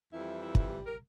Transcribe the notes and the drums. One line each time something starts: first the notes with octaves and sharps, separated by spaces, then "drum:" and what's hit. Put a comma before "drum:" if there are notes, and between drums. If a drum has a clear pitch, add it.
F2 E3 G3 E4
E4
drum: kick
G4
A#4